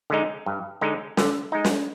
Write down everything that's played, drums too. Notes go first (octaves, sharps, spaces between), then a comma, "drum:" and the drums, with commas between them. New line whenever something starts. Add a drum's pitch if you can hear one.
D3 G#3 D#4
G2
D3 G#3 D#4
D3, drum: snare
G#3 D#4
drum: snare